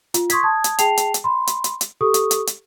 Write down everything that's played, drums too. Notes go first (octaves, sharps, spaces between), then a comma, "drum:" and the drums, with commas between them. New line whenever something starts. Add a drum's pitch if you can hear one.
F4, drum: hi-hat
C6 C#6 D#6 G#6 B6, drum: hi-hat
A5 D#6 G#6
drum: hi-hat
G#4 G5 A5 C7 F7, drum: hi-hat
drum: hi-hat
drum: hi-hat
B5 C6
drum: hi-hat
drum: hi-hat
drum: hi-hat
G4 A4 C#6 D#6
drum: hi-hat
drum: hi-hat
drum: hi-hat